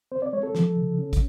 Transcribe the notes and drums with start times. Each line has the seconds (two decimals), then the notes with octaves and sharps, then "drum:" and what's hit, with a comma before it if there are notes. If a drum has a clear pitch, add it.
0.12 C4 C5
0.22 D5
0.33 G#3 C#5
0.43 A4
0.55 F3, drum: snare
0.77 C#3
0.99 C#4
1.13 drum: kick, hi-hat